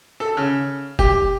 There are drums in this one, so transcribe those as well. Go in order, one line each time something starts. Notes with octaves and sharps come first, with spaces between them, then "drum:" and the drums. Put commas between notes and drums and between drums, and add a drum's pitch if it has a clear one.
A4
C#3
G4, drum: kick